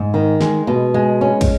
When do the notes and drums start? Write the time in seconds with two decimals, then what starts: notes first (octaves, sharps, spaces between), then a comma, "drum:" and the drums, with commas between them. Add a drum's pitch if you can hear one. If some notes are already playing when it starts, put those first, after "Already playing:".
Already playing: G#2
0.14 D#3
0.41 G#3, drum: snare
0.67 B2
0.94 G#3
1.21 C#4
1.41 drum: kick, cymbal